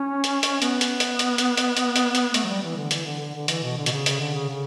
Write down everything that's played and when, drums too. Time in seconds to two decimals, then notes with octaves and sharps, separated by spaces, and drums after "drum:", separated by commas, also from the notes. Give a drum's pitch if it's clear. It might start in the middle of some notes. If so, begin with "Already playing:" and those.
Already playing: C#4
0.24 drum: hi-hat
0.43 drum: hi-hat
0.62 B3, drum: hi-hat
0.81 drum: hi-hat
1.00 drum: hi-hat
1.19 drum: hi-hat
1.38 drum: hi-hat
1.57 drum: hi-hat
1.77 drum: hi-hat
1.96 drum: hi-hat
2.15 drum: hi-hat
2.34 A3, drum: hi-hat
2.44 F#3
2.49 G3
2.63 E3
2.77 D3
2.91 E3, drum: hi-hat
3.06 D3
3.20 D3
3.35 D3
3.48 E3, drum: hi-hat
3.63 B2
3.77 D3
3.86 B2, drum: hi-hat
3.91 C#3
4.06 C#3, drum: hi-hat
4.20 D3
4.34 C#3
4.49 C#3